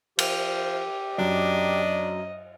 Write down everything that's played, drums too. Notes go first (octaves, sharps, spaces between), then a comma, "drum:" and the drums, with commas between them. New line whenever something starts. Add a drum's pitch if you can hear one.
F3 G4, drum: cymbal
F#2 D4 D#5